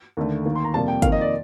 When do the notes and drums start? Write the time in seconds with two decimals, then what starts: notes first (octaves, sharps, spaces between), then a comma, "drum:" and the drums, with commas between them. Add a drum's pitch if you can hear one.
0.17 D#2 D3 A3
0.45 D#2 D#3 A#3
0.55 C6
0.65 A#5
0.73 F2 C3 G3 A#3 A5
0.88 G5
1.02 F2 D#3 A#3 F5, drum: kick, hi-hat
1.12 D#5
1.21 D5